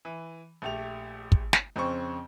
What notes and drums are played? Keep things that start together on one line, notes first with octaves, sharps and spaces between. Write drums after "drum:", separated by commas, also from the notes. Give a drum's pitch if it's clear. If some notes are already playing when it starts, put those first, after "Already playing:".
E3
A#1 A3 G4 F7
drum: kick
drum: snare
F2 C#3 C4 C5 C#6